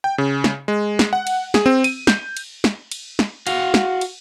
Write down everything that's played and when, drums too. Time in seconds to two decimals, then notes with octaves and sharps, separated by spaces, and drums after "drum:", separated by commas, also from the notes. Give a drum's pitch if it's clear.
0.04 G5
0.18 C#3
0.44 drum: snare
0.68 G#3
0.99 drum: snare
1.13 F#5
1.27 drum: cymbal
1.54 G#4, drum: snare
1.66 C4
1.84 D#7, drum: cymbal
2.07 G6, drum: snare
2.37 drum: cymbal
2.64 drum: snare
2.92 drum: cymbal
3.19 drum: snare
3.47 F#4 F5, drum: cymbal
3.74 drum: snare
4.01 drum: cymbal